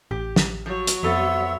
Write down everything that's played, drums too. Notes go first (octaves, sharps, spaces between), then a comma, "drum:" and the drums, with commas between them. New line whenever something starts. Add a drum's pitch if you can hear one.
A1 G4
drum: snare
F3 F#3 C#5
drum: hi-hat
F2 B3 A4 C5 E5 F#5 E6